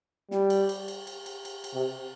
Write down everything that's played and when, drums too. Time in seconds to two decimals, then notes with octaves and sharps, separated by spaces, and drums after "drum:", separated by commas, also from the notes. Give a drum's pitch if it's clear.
0.31 G3, drum: snare
0.50 drum: cymbal
0.69 drum: cymbal
0.88 drum: cymbal
1.07 drum: cymbal
1.26 drum: cymbal
1.45 drum: cymbal
1.64 drum: cymbal
1.74 C3